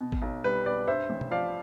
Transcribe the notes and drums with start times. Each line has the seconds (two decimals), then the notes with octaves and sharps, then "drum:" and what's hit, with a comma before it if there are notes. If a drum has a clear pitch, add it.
0.01 B2
0.12 drum: kick G#1
0.22 B1
0.44 G3 B4
0.66 B1 B4 D5
0.87 G2 C5 E5
1.10 A1
1.21 drum: tom
1.31 F3 D5 F5